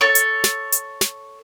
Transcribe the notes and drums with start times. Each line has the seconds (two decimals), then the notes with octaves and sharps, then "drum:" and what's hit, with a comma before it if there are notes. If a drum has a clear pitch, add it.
0.01 A4 C#5
0.15 drum: hi-hat
0.44 drum: snare
0.72 drum: hi-hat
1.01 drum: snare